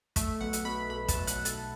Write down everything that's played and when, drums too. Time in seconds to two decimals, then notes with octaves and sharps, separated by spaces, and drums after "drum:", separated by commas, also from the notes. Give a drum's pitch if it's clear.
0.16 A3 E5, drum: kick, hi-hat
0.41 B1 F#5
0.53 drum: hi-hat
0.65 B2 B5
0.90 B1 B5
1.08 A5, drum: kick, hi-hat
1.15 B1
1.27 F#5, drum: hi-hat
1.40 B1
1.45 A4, drum: hi-hat